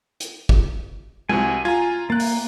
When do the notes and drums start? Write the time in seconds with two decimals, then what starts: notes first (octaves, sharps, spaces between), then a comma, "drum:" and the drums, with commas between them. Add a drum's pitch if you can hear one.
0.20 drum: hi-hat
0.49 drum: kick
1.29 C2 C3 F#4 G#5, drum: tom
1.65 F4 G#5 A#5
2.10 A#3 F#6 A6
2.20 drum: open hi-hat